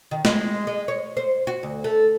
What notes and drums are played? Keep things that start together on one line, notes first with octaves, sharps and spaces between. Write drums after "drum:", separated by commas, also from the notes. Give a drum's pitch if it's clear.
D#3
G#3, drum: snare
G#3
C#5
C5
F#4
D2
A3